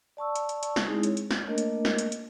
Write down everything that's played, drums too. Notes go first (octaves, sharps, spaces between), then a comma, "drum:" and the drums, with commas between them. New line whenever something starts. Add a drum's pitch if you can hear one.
D5 A5 C#6 E6
drum: hi-hat
drum: hi-hat
drum: hi-hat
drum: snare
G#3 C4 D#4 E4 G#4
C#5, drum: hi-hat
drum: hi-hat
drum: snare
A3 A#3 D4 A#4 D#5
drum: hi-hat
drum: snare
drum: hi-hat
drum: hi-hat